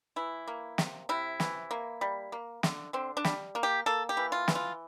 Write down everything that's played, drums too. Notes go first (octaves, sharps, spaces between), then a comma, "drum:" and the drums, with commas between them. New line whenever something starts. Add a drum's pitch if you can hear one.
E3 E4
A#3
C3, drum: snare
C3 E4
E3, drum: snare
A#3
G3
A#3
D3, drum: snare
D3 C4
D4
G3, drum: snare
A#3
G4
A#3 A4
G4
E3
F4
E3, drum: snare
F4